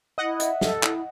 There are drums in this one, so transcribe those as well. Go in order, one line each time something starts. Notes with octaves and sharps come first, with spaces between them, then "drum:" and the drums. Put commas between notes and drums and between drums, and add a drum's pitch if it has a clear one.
E4 D#5 F#5
E5, drum: hi-hat
A4, drum: snare
E4, drum: clap